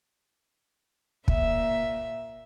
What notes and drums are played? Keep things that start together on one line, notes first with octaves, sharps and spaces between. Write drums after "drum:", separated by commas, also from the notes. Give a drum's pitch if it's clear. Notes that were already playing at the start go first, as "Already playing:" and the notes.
A#2 E5, drum: kick